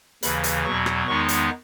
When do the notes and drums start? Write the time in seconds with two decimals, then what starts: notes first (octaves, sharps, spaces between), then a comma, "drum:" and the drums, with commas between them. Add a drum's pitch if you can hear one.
0.23 D#2 C#3 E3 B5, drum: hi-hat
0.44 drum: hi-hat
0.64 E2 B2 F#3 C#6
0.86 drum: rim click
1.07 E2 D#3 G#3 B3 D#4 C#6
1.28 drum: hi-hat